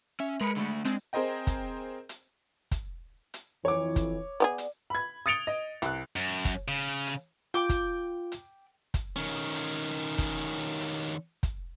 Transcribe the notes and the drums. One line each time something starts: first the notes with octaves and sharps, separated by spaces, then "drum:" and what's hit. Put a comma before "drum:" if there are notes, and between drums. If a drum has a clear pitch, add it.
C#4 E5
G#3 A#4 B4 B5 C#7
D3 A3
G#3 C4 D4, drum: hi-hat
C4 G#4 A#4 C5 D#5 G5
drum: kick, hi-hat
drum: hi-hat
drum: kick, hi-hat
drum: hi-hat
F2 E3 C#5 D6
drum: kick, hi-hat
B3 G4 G#4 D5
drum: hi-hat
B5 G#6
D#6 A6 C#7 D7 F7 G7
D#5
C2 F#6, drum: hi-hat
F#2
drum: kick, hi-hat
C#3
drum: hi-hat
F4 G5 D6
drum: kick, hi-hat
drum: hi-hat
drum: kick, hi-hat
D#3 C#4
drum: hi-hat
drum: kick, hi-hat
drum: hi-hat
drum: kick, hi-hat